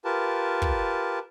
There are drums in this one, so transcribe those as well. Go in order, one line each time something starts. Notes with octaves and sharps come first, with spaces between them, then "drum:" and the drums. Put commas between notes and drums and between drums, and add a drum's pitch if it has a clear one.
F4 G4 A#4 B4 A5
drum: kick